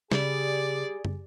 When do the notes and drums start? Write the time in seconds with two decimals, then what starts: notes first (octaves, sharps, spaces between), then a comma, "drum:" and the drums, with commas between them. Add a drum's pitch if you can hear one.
0.12 C#3 G3 G#4 D5, drum: snare
1.05 drum: tom